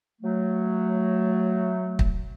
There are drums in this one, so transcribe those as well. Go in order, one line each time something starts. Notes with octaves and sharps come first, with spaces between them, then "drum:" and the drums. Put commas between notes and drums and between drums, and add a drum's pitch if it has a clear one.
F#3 A3
drum: kick